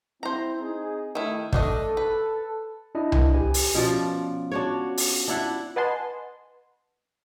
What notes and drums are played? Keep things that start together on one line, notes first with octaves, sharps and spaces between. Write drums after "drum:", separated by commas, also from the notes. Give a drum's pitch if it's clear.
C4 E4 C5 A#5
C4 D#4 G#4
D#3 A3 E4
A3 D4 A4 D#5, drum: kick
B4
D4 E4 D#5
drum: tom C2
G4 B4 G#5
drum: open hi-hat
B2 F3 C#4 F4 D5
D4 F#4 C#5
drum: open hi-hat
D4 E4 F#5
B4 D#5 F#5 G#5 A5 C6